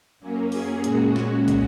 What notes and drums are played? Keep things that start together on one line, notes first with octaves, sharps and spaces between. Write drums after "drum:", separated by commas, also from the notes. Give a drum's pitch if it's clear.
F#2 F#3 A#3 C#4
G#4, drum: open hi-hat
A#2 G#3 C#4 F#4, drum: hi-hat
F#4, drum: snare
drum: kick, hi-hat